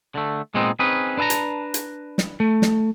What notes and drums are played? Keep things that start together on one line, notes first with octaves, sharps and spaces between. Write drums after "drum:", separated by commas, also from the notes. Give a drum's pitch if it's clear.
D3 A3
A#2 G#3 B3 C4 D#4
C4 C#4 D#4 G#4 B4
D4 B4 E5 A5 A#5
drum: hi-hat
drum: hi-hat
drum: snare
A3
drum: snare